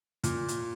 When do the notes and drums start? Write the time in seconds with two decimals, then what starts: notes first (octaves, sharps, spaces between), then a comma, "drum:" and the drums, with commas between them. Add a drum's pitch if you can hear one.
0.24 A#2, drum: hi-hat
0.48 drum: hi-hat